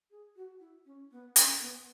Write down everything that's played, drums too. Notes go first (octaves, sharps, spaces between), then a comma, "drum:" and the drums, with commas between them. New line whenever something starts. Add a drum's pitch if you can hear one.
G#4
F#4
E4
C#4
B3
C#4, drum: hi-hat
B3